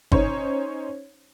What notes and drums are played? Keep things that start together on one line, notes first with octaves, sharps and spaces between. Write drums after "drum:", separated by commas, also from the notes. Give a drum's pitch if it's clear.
C#4 D#4 C5 C#5, drum: kick G1